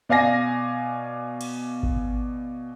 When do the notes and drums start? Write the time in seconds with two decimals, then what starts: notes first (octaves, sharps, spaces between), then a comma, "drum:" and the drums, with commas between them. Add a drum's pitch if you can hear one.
0.09 B2 D5 F5 G#5 A#6
1.41 drum: cymbal
1.83 drum: kick G#1